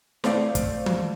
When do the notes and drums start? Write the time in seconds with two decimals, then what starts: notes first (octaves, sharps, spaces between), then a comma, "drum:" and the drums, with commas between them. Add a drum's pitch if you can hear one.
0.24 A3 C4 E4 D5 F5, drum: snare
0.55 drum: kick, hi-hat
0.86 drum: tom E3